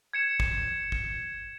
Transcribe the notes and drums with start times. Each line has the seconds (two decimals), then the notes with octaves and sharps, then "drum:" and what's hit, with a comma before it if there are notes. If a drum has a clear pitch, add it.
0.13 G#6 C#7 E7
0.40 drum: kick
0.92 drum: kick